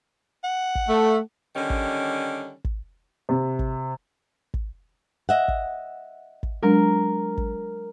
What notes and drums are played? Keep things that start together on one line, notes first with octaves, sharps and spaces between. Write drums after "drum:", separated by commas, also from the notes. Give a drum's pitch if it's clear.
F#5
drum: kick
A3
D3 D#3 G3 C#4
drum: kick
drum: kick
C3
drum: kick
drum: kick
D#5 E5 F#5
drum: kick
drum: kick
F#3 G#3 D4 A#4
drum: kick